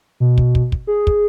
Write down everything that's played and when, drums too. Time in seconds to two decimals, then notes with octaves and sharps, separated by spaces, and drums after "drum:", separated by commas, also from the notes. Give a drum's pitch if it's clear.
0.20 B2
0.38 drum: kick
0.55 drum: kick
0.72 drum: kick
0.87 G#4
1.07 drum: kick